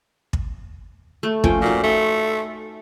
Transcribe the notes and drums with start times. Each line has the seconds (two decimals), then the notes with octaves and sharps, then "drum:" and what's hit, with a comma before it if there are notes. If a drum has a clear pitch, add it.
0.33 drum: kick
1.23 A3
1.44 F3 C#4 G5, drum: kick
1.62 A#2 D#4 F#4
1.84 A3 C6